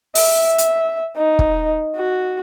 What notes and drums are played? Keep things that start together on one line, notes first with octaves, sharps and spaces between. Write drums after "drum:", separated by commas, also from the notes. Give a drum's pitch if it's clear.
E5, drum: open hi-hat
drum: hi-hat
D#4
drum: kick
F#4